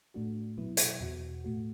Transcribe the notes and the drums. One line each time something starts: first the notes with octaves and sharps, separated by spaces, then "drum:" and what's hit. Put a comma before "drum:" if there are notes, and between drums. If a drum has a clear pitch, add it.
A2 A3 D4 F#4
B2 F#3 B3 E4
drum: hi-hat
E2 B2 B3 F#4
A2 A3 F#4